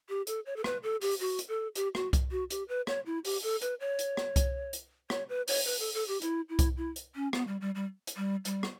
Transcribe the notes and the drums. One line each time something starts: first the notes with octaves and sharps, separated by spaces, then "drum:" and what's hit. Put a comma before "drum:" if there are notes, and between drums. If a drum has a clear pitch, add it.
G4
A4, drum: hi-hat
C#5
A4
B4, drum: rim click
A4
G4, drum: open hi-hat
F#4
drum: hi-hat
A4
G4, drum: hi-hat
F#4, drum: rim click
drum: kick C2, hi-hat
F#4
G4, drum: hi-hat
B4
C#5, drum: rim click
E4
G4, drum: open hi-hat
A4
B4, drum: hi-hat
C#5
drum: hi-hat
drum: rim click
drum: kick C2, hi-hat
drum: hi-hat
C#5, drum: rim click
B4
C#5, drum: open hi-hat
B4
A4
A4
G4
E4, drum: hi-hat
E4
drum: kick C2, hi-hat
E4
drum: hi-hat
C#4
B3, drum: rim click
G3
G3
G3
drum: hi-hat
G3
G3, drum: hi-hat
drum: rim click